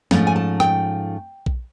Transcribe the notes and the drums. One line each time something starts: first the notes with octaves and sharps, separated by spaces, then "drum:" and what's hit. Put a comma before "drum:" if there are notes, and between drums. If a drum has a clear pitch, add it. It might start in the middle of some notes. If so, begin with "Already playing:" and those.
G#2 F3 A3 C#4, drum: snare
G#5
A5
G5, drum: rim click
drum: kick A#1